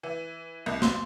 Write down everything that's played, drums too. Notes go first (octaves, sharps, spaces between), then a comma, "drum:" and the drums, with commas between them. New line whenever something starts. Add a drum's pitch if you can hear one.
E3
C2
C6, drum: snare